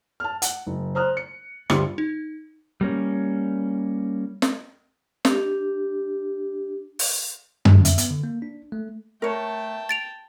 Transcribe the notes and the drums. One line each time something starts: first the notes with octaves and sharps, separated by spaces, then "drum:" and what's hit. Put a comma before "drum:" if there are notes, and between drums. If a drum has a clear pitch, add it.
A5 F6
F#5, drum: hi-hat
F#1
C5 A#5 D#6 F6 F#6
C#7
D2 G2 G3 F4 C#7, drum: rim click
D#4
G3 A#3 C#4
drum: snare
D4 G4, drum: snare
drum: open hi-hat
D#3, drum: tom F#2
E5, drum: hi-hat
B3, drum: hi-hat
D3
A#3
D4
A3
A3 A#4 C#5 G5 A5
A6 D7 F7